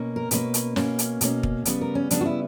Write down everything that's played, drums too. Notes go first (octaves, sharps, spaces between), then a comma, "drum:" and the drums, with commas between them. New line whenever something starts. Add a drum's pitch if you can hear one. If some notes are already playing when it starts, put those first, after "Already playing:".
Already playing: B2 A#3 C#4
A#4
B2 A#3 C#4 B4, drum: hi-hat
drum: hi-hat
B2 A#3 C#4, drum: snare
drum: hi-hat
B2 A#3 C#4, drum: hi-hat
drum: kick
C#3 G3 B3, drum: hi-hat
A#4
C#4
C#3 G3 B3 D4, drum: hi-hat
F#4
E4